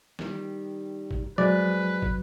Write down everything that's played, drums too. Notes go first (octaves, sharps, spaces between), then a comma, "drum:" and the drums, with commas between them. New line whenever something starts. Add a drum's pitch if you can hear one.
D#3 G3, drum: snare
drum: kick
F2 F#3 G#3 B4 D5
drum: kick